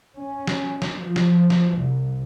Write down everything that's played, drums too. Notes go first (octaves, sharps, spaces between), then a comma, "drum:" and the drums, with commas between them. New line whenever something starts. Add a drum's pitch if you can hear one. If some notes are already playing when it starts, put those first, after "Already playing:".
C#4
drum: snare
drum: snare
F3
drum: snare
drum: snare
C2